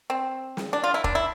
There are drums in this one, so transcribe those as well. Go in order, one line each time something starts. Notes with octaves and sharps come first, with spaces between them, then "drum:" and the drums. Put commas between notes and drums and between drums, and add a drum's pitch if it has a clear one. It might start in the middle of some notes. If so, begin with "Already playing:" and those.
C4
drum: snare
D4
F4
E4
D4, drum: kick
E4